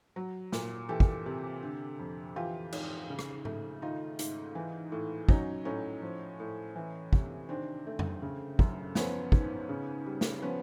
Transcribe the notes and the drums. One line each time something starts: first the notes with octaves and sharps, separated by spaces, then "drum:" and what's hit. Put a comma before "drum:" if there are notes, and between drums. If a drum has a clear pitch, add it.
F#3
A#2, drum: snare
E3 G4 A4
drum: kick
C3
D3
F2
E3 F4 G4
G#2, drum: cymbal
C#3
drum: rim click
A3, drum: tom G#2
D#3 D#4 F4
G#2, drum: hi-hat
E3
A2
F#3 C#4 D#4, drum: kick
A2 C#4 D#4
F3
A2
E3
C3, drum: kick
D#3 C4 D4
A3
drum: tom F2
C#3
F#2, drum: kick
F3 B3 C#4, drum: snare
G#2, drum: kick
C#3
G3
drum: snare
F3 B3 C#4